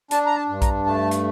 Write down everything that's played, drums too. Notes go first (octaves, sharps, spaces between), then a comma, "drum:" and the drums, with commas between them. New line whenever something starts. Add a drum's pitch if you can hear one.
D4 A5, drum: hi-hat
A#5
A5
G2
A#5, drum: kick A#1, hi-hat
A3 A5
drum: hi-hat